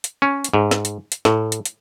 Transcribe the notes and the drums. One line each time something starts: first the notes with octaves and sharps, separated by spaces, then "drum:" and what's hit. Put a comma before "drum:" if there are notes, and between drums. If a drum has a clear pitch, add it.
drum: hi-hat
C#4
drum: hi-hat
G#2
drum: snare
drum: hi-hat
drum: hi-hat
A2, drum: snare
drum: hi-hat
drum: hi-hat